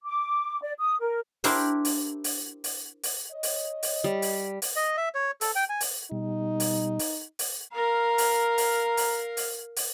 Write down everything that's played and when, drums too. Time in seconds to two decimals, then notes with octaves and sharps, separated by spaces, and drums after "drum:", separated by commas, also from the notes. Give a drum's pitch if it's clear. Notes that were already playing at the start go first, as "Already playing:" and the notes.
0.04 D6
0.62 D5
0.80 D#6
1.00 A#4
1.44 D4 E4 G4 A#4 C5, drum: open hi-hat
1.85 drum: open hi-hat
2.24 drum: open hi-hat
2.64 drum: open hi-hat
3.03 drum: open hi-hat
3.31 C#5 D#5
3.43 drum: open hi-hat
3.83 drum: open hi-hat
4.04 G3
4.22 drum: open hi-hat
4.62 drum: open hi-hat
4.76 D#5
4.97 E5
5.15 C#5
5.41 A4, drum: open hi-hat
5.55 G5
5.69 G#5
5.81 drum: open hi-hat
6.11 B2 G3 D#4
6.60 drum: open hi-hat
6.99 drum: open hi-hat
7.39 drum: open hi-hat
7.74 A#4 F5 A#5
8.18 drum: open hi-hat
8.58 drum: open hi-hat
8.97 drum: open hi-hat
9.37 drum: open hi-hat
9.76 drum: open hi-hat